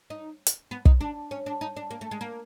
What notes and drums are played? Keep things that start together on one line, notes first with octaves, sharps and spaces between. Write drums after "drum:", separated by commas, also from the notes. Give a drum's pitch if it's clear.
D#4
drum: hi-hat
B3
D#4, drum: kick
D4
C#4
D4
D#4
D4
A#3
A3
G#3
A#3